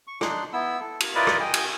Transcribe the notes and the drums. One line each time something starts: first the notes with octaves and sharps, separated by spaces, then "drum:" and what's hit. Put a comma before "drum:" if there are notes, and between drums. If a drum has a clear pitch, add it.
C#6
D4 D#4 C6 F#6, drum: rim click
B3 E4 E6
A4
drum: cymbal
E4 F4 A#4 B4 D5 D#5
drum: rim click
D#5 G5 G#5
drum: cymbal